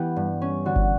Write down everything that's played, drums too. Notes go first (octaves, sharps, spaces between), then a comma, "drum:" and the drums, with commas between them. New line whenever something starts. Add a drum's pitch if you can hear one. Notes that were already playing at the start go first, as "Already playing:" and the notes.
Already playing: E3 B3 G4
G2
C#4
D3 F#4
drum: kick